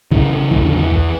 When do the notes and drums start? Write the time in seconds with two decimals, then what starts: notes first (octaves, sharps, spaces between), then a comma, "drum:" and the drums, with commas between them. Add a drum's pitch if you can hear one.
0.11 C#3 E3, drum: kick
0.31 C#3
0.51 E2 E3, drum: kick
0.65 D3
0.71 E2
0.78 E3
0.91 E2, drum: kick